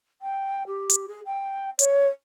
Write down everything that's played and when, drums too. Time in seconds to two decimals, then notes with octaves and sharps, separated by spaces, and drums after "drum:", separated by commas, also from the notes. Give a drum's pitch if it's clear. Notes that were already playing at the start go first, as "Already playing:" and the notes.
0.22 G5
0.67 G4
0.90 drum: hi-hat
1.08 G#4
1.26 G5
1.79 C#5, drum: hi-hat